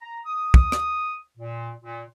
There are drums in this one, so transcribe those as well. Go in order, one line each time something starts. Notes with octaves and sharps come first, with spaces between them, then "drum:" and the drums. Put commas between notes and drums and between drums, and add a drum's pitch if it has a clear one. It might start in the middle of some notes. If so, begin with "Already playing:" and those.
A#5
D#6
drum: kick
drum: rim click
A#2
A#2